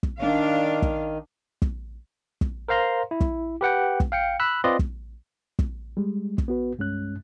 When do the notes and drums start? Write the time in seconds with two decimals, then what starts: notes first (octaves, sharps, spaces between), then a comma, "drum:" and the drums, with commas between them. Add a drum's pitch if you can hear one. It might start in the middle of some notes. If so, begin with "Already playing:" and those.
0.03 drum: kick
0.19 D#3 D4 F5
0.82 drum: kick
1.62 drum: kick
2.41 drum: kick
2.68 A#4 C5 F5 A#5 C6
3.11 E4
3.21 drum: kick
3.61 G4 B4 F#5 G5
4.00 drum: kick
4.12 F5 G5 C#7
4.40 B5 E6 F#6
4.64 C4 F4 B4 D5 D#5 C6
4.79 drum: kick
5.59 drum: kick
5.97 G3 G#3
6.38 drum: kick
6.48 B3 F#4 B4
6.78 C2 G2 G#3 C#4 F#6